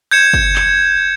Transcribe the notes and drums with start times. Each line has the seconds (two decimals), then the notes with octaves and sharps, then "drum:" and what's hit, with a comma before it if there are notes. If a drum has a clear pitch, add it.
0.11 G6 G#6 C#7 E7
0.33 drum: kick
0.56 drum: clap